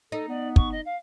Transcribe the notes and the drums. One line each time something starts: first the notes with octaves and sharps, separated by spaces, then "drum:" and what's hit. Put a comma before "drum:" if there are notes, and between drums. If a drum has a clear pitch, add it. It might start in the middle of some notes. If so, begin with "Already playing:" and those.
D#4 A4
B3 D5
C#6, drum: kick
D#5
F5